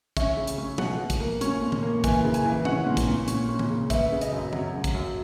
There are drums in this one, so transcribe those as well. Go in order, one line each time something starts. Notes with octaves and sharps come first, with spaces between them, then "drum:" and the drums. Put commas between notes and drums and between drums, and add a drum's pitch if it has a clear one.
C#4 E5, drum: kick, hi-hat
C#3
drum: hi-hat
C#4
B2 F#5, drum: tom F3
B2
drum: kick, hi-hat
A#3
C#4, drum: hi-hat
A#2
drum: tom D#3
A#3
E3 G#5, drum: kick, hi-hat
C#3
G#5, drum: hi-hat
E3
C#4 F#5, drum: tom D#3
A#2
drum: kick, hi-hat
A#2
C#4, drum: hi-hat
C#4
drum: tom D#3
C#3
B3 E5, drum: kick, hi-hat
C#3
D#5, drum: hi-hat
F#2
F#3, drum: tom D#3
F#2
drum: kick, hi-hat
F#2